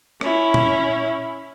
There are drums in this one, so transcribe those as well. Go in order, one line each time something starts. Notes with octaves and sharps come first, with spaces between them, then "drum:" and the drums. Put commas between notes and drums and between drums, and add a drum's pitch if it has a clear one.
C#4 E4, drum: rim click
drum: tom A#2